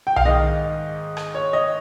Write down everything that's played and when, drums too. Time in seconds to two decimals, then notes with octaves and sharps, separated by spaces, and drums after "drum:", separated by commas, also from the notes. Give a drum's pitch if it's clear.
0.07 G5
0.16 F5, drum: tom B1
0.25 G#2 D#3 D#5
1.17 drum: rim click
1.35 C#5
1.53 D#5